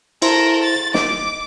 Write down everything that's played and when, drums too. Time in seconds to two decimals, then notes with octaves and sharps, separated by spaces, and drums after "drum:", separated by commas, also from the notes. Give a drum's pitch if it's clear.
0.22 E4 A4 A#4 C5 C6, drum: cymbal
0.64 A6
0.94 D#5 D6, drum: snare